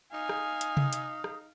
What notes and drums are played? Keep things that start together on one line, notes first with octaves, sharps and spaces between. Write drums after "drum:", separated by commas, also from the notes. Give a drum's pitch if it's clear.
D#4 F5 G#5 D#6
drum: rim click
drum: hi-hat
drum: tom C3
drum: hi-hat
drum: rim click